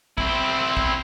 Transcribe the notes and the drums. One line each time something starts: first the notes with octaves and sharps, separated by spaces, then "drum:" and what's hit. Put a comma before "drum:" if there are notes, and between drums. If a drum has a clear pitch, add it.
C4 E4, drum: kick
drum: kick